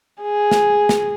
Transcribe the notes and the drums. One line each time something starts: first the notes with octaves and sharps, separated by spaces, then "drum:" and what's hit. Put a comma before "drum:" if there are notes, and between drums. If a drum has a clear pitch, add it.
G#4
drum: snare
drum: snare